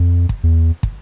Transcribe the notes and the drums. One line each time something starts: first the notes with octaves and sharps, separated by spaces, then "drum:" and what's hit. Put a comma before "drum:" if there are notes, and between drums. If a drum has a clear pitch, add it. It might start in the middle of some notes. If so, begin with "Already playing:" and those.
Already playing: F2
drum: kick
E2
drum: kick